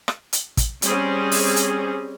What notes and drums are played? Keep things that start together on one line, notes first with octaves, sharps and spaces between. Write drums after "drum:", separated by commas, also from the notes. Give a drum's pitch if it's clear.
drum: rim click
drum: hi-hat
drum: kick, hi-hat
G3 C4 C#4 G#4, drum: hi-hat
drum: open hi-hat
drum: hi-hat